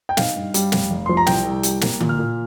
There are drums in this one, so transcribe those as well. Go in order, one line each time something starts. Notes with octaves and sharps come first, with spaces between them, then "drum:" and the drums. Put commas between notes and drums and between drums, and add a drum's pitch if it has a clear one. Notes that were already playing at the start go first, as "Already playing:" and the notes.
G5
D#4 F5, drum: snare
G2
G3, drum: hi-hat
F1, drum: snare
F1
F3 C6
A#5
C2 G5, drum: snare
C2
G3, drum: hi-hat
A#3, drum: snare
A#2, drum: tom D3
F6
A#2